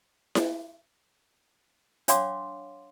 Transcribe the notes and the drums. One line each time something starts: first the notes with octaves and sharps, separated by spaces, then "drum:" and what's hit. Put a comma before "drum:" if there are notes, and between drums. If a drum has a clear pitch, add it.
drum: snare E4
D4 C#5 F5 F#5 C6 D6, drum: hi-hat